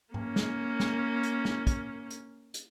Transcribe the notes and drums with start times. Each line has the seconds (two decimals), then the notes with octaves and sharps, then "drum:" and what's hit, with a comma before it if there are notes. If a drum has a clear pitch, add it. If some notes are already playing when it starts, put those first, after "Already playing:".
0.14 A#3 C#4, drum: tom G#2
0.36 drum: snare
0.80 drum: snare
1.23 drum: hi-hat
1.45 drum: snare
1.67 drum: kick, hi-hat
2.10 drum: hi-hat
2.54 drum: hi-hat